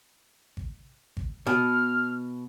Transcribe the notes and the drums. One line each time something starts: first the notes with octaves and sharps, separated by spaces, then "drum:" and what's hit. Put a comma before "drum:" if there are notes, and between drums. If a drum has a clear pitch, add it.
drum: kick G#1
drum: kick G#1
B2 F6